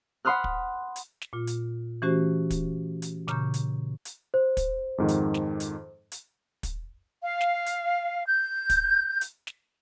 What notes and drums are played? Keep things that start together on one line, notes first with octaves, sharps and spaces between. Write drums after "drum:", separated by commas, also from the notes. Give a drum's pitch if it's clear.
F#5 B5 C6 D#6 F6 F#6
drum: kick
drum: hi-hat
drum: snare
A#2 F4
drum: hi-hat
E3 A3 C#4 F#4 G4 C5
drum: kick, hi-hat
drum: hi-hat
A#2 C#3 A#5 C#6 G6, drum: snare
drum: hi-hat
drum: hi-hat
C5
drum: kick, hi-hat
F2 G#2 D#3
drum: hi-hat
drum: snare
drum: hi-hat
drum: hi-hat
drum: kick, hi-hat
F5
drum: snare
drum: hi-hat
G6
drum: kick, hi-hat
drum: hi-hat
drum: snare